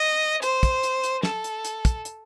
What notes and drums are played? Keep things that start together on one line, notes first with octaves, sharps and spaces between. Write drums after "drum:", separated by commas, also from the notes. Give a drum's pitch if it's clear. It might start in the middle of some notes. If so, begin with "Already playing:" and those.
Already playing: D#5
C5, drum: hi-hat
drum: kick, hi-hat
drum: hi-hat
drum: hi-hat
A4, drum: snare
drum: hi-hat
drum: hi-hat
drum: kick, hi-hat
drum: hi-hat